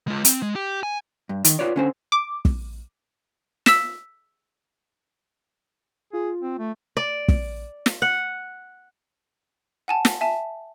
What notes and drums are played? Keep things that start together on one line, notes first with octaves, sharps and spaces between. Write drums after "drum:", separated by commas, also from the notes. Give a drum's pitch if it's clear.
G#3 F4
C4, drum: hi-hat
G#3
G4
G#5
G2
D#3, drum: hi-hat
F4 B4 C#5 D5
D3 C#4 C5
D6
drum: kick
E6 B6 E7, drum: snare
F4 G#4
C4
A3
D5
drum: kick
drum: snare
F#5
F#5 G#5 A5
drum: snare
E5 G#5 A5